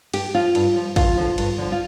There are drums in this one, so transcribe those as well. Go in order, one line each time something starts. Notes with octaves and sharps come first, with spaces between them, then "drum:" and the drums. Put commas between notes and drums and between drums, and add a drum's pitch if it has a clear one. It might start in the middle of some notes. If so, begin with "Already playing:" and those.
G2 G4, drum: cymbal
F3 F4
G2, drum: cymbal
F3
G2 F4, drum: kick, cymbal
D3 F3
G2, drum: cymbal
D3 F3
F4